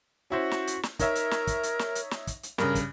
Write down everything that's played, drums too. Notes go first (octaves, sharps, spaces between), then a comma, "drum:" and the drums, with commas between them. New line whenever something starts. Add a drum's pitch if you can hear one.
C#4 E4 F#4 C5
drum: snare
drum: hi-hat
drum: snare
D#4 A#4 C#5 E5, drum: kick, hi-hat
drum: hi-hat
drum: snare
drum: kick, hi-hat
drum: hi-hat
drum: snare
drum: hi-hat
drum: snare
drum: kick, hi-hat
drum: hi-hat
G2 C#3 A#4, drum: snare
drum: kick, hi-hat